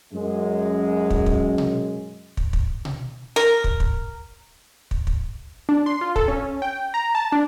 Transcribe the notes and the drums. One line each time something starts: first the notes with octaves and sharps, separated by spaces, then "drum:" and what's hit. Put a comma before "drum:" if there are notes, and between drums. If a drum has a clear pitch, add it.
F#2 G#3
drum: kick
drum: kick
drum: tom B2
drum: kick
drum: kick
drum: tom B2
A#4
drum: kick
drum: kick
drum: kick
drum: kick
D4
C6
F4
A4, drum: kick
C#4
G5
A#5
A5
D4